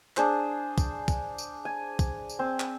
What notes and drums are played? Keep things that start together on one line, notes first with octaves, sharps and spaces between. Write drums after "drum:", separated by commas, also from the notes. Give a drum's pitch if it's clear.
D4 G#4 C5, drum: clap
drum: kick, tambourine
drum: kick, tambourine
drum: tambourine
G#5
drum: kick, tambourine
drum: tambourine
C4
drum: clap